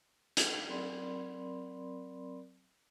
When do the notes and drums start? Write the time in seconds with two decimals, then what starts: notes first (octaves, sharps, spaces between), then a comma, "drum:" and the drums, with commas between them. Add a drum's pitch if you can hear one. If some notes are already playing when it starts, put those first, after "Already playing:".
0.37 drum: hi-hat
0.68 F#3 C4 A#4 D5 B5 C6